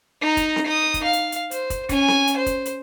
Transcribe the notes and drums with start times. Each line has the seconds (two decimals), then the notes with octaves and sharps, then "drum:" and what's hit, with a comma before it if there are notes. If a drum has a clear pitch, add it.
0.21 D#4 A#5
0.37 drum: kick, hi-hat
0.56 drum: snare C4
0.66 D#4 D#6
0.94 drum: kick, hi-hat
1.04 F5
1.13 drum: hi-hat
1.32 drum: hi-hat
1.51 C5, drum: hi-hat
1.70 drum: kick, hi-hat
1.89 C#4 G#5, drum: kick, hi-hat
2.08 drum: snare C4
2.27 drum: hi-hat
2.37 C5
2.46 drum: kick, hi-hat
2.65 drum: hi-hat